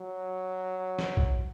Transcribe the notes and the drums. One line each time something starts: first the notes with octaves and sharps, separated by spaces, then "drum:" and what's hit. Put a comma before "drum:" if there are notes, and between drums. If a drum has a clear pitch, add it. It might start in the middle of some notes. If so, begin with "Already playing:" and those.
Already playing: F#3
drum: snare
drum: kick A#1